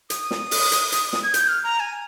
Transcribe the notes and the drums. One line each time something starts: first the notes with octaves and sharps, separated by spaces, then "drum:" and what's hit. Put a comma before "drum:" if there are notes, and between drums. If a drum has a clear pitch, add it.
D#6, drum: hi-hat
drum: snare
drum: open hi-hat
drum: hi-hat
drum: hi-hat
drum: snare
G#6
G6, drum: hi-hat
F6
A#5
G#5